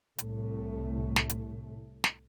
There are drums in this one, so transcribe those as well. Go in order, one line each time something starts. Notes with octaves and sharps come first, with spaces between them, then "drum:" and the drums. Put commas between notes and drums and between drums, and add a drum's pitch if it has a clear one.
C2 A2 A3, drum: hi-hat
drum: snare
drum: hi-hat
drum: snare